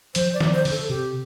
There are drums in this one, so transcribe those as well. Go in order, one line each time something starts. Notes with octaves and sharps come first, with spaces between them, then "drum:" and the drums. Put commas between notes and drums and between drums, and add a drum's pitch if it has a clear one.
F3 C5, drum: hi-hat
D5
F3, drum: snare
C5
D3, drum: open hi-hat
A4
C3 G4